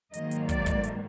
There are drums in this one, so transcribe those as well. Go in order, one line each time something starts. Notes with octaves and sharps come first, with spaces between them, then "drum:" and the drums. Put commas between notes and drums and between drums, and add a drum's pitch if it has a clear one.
G#2 D#3 F#3 A#3 D#5, drum: hi-hat
drum: hi-hat
D5, drum: kick, hi-hat
drum: kick, hi-hat
drum: hi-hat